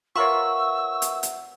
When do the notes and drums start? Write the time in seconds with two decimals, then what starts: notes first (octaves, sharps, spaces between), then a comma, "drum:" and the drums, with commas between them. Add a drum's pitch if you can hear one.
0.16 F4 A#4 B4 C#5 E5 F#5 C#6 E6
1.02 drum: hi-hat
1.23 drum: hi-hat